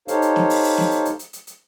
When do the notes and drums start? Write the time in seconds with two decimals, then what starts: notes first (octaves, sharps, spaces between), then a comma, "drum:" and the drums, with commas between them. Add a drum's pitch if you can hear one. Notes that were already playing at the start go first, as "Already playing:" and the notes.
0.08 D#4 G4 A4 C5 C#5 F5, drum: hi-hat
0.22 drum: hi-hat
0.36 drum: snare B3
0.50 drum: open hi-hat
0.64 drum: open hi-hat
0.78 drum: snare B3
0.91 drum: hi-hat
1.05 drum: hi-hat
1.19 drum: hi-hat
1.33 drum: hi-hat
1.47 drum: hi-hat